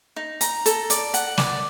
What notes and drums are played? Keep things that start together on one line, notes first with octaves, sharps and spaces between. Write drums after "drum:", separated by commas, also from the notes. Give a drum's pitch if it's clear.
D#4
A#5, drum: hi-hat
A4, drum: hi-hat
D5, drum: hi-hat
F#5, drum: hi-hat
D5, drum: snare